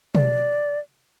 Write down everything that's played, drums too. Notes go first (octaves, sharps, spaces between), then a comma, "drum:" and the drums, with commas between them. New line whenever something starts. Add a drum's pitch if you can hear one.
D5, drum: tom B2